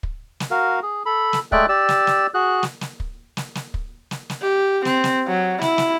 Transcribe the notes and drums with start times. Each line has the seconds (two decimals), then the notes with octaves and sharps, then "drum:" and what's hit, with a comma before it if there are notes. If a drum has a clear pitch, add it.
0.03 drum: kick
0.40 drum: snare
0.51 F#4 A#4 F5
0.82 G#4
1.06 A4 B5
1.33 drum: snare
1.52 G#3 A3 D5 E5 G5 F#6, drum: kick
1.69 G4 D5 E6
1.89 drum: snare
2.07 drum: snare
2.34 F#4 G#4 F#6
2.63 drum: snare
2.81 drum: snare
3.00 drum: kick
3.37 drum: snare
3.55 drum: snare
3.74 drum: kick
4.11 drum: snare
4.30 drum: snare
4.42 G4
4.85 C4, drum: snare
5.04 drum: snare
5.28 F#3
5.61 E4, drum: snare
5.78 drum: snare